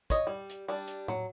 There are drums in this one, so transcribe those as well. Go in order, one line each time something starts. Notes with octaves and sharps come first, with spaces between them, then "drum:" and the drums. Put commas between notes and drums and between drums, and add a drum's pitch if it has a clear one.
C#5 D#5, drum: kick, hi-hat
G3
drum: hi-hat
G3 D4
drum: hi-hat
F#3, drum: tom A2